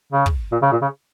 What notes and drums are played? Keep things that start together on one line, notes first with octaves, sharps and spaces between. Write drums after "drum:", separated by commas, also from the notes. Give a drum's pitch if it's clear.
C#3
drum: kick
A#2
C#3
A#2
C#3